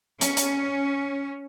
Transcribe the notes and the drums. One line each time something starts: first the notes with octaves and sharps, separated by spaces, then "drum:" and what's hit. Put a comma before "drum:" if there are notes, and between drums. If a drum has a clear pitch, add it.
C#4, drum: hi-hat
drum: hi-hat